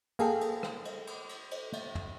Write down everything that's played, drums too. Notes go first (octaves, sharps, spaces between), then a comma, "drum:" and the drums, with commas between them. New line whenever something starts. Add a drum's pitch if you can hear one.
A#3 G#4 A4 G5, drum: cymbal
drum: cymbal
drum: rim click
drum: cymbal
drum: cymbal
drum: cymbal
drum: cymbal
drum: cymbal
drum: tom